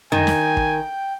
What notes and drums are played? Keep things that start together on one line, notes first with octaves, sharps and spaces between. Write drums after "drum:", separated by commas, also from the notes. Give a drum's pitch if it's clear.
D#3 G5 G#5, drum: tom F2
drum: snare
drum: kick